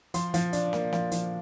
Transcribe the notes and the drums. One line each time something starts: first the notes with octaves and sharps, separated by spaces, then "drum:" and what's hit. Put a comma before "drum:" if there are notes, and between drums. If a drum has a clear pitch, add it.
F3 C6, drum: hi-hat
F3, drum: hi-hat
D4, drum: hi-hat
A#3, drum: snare
F3, drum: snare
F3, drum: hi-hat